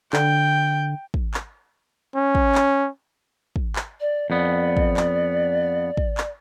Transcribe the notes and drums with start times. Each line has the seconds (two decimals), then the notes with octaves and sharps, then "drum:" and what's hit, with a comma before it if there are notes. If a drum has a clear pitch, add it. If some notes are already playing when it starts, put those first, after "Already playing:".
0.13 D3 G5, drum: clap
1.14 drum: kick
1.34 drum: clap
2.15 C#4
2.35 drum: kick
2.55 drum: clap
3.56 drum: kick
3.76 drum: clap
4.00 D5
4.30 F2 B3 D5
4.77 drum: kick
4.97 drum: clap
5.97 drum: kick
6.18 drum: clap